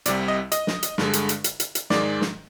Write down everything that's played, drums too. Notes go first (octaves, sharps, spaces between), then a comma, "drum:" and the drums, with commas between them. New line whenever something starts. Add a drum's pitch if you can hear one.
C2 C3 G3 D5, drum: hi-hat
D#5
D#5, drum: hi-hat
drum: snare
drum: hi-hat
G2 D3 G#3, drum: snare
drum: hi-hat
drum: hi-hat
drum: hi-hat
drum: hi-hat
drum: hi-hat
G#2 D#3 G#3 D5, drum: snare
drum: snare